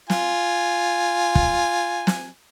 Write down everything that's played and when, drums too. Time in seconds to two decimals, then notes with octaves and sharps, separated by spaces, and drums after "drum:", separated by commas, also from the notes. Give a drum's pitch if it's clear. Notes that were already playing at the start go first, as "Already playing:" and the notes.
0.10 F4 G#5, drum: snare
1.35 drum: kick
2.07 drum: snare